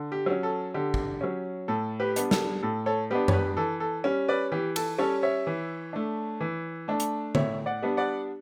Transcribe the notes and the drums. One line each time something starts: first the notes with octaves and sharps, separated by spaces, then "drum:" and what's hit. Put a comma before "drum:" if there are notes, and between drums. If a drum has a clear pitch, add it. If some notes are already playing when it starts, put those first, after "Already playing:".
Already playing: D3
G4
F#3 C#4
A4
D3 G4
drum: kick
F#3 C#4
A2 A4
G4 B4
G3 B3 D4, drum: hi-hat
A4, drum: snare
A2 A4
A4 C#5
G3 B3 D4 G4 B4
C#5, drum: tom F#2
G4 B4
E3 A4
A4
G3 C#4
B4 D5
E3 G4
A4, drum: cymbal
G3 C#4 A4 C#5
C#5 E5
E3
A3 D4
E3
A3 D4
drum: hi-hat
A2 C#5 E5, drum: tom D3
D5 F#5
G3 B3 D4
D5 F#5